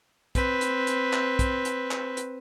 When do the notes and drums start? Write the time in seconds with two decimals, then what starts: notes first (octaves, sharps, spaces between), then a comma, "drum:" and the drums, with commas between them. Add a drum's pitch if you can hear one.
0.35 C4 B4, drum: kick, hi-hat
0.61 drum: hi-hat
0.87 drum: hi-hat
1.13 drum: clap
1.39 drum: kick, hi-hat
1.65 drum: hi-hat
1.91 drum: clap
2.17 drum: hi-hat